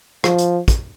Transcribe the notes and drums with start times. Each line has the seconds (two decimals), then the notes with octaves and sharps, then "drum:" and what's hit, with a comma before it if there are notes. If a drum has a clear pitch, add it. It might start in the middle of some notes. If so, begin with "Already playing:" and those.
0.24 F3, drum: rim click
0.38 drum: hi-hat
0.68 drum: kick, hi-hat